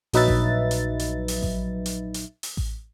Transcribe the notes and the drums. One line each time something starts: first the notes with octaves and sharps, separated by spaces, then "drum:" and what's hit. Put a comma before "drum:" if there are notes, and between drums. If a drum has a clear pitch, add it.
A#1 F#3 D#4 B4 E5 A6, drum: open hi-hat
drum: kick A1
drum: hi-hat
drum: hi-hat
drum: open hi-hat
drum: kick A1
drum: hi-hat
drum: hi-hat
drum: open hi-hat
drum: kick A1